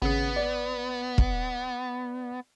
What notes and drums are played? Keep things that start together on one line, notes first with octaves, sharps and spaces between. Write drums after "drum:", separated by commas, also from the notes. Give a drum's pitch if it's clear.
G#1 C#3 B3 G#4
D5
drum: kick